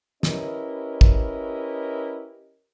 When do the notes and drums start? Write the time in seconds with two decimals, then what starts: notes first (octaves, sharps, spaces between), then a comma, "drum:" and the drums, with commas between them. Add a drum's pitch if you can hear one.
0.23 C#4 E4 G4 A#4 B4 D#5, drum: snare
1.01 drum: kick